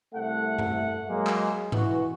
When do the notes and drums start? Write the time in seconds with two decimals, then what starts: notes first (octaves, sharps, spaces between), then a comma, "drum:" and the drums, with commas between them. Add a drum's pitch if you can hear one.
0.15 C2 A3 E5 F#5
0.58 drum: tom G2
1.09 F#3 G#3 A#3
1.27 drum: clap
1.72 E3 F#4, drum: tom G#2